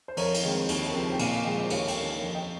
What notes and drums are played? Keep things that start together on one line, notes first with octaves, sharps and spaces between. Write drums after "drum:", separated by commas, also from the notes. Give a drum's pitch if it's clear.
C5
F2 A#4 C#5, drum: cymbal
drum: cymbal
D#3 G#3 C4
D#2, drum: cymbal
C#3 F3 C4
G5
A#2 F5 G#5, drum: cymbal
F5 G#5
F3 G#3 D#5 G5
C5 D#5
D#2 C#5 F5, drum: cymbal
G5, drum: cymbal
D#3 A#3 C#4 C#5 F5
F2
D#5 G5